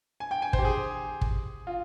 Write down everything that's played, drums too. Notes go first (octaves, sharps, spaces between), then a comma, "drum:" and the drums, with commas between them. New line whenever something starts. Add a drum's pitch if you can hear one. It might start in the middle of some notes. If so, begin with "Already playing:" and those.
G#5
G5
G#5
C5, drum: kick
G4
G#4
drum: kick
F4